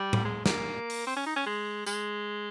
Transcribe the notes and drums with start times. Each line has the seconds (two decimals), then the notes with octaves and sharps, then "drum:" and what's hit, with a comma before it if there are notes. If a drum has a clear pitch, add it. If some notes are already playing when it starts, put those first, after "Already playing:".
Already playing: G3
0.13 drum: tom A2
0.25 G#3
0.46 A#3, drum: snare
0.90 drum: open hi-hat
1.07 C4
1.16 C#4
1.26 D#4
1.36 C#4
1.46 G#3
1.86 G#3, drum: tambourine